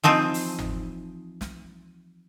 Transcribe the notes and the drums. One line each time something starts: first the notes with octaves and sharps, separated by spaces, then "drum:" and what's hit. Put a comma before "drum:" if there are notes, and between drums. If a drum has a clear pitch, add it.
E3 F3 C4 D#4
drum: open hi-hat
drum: tom G1
drum: snare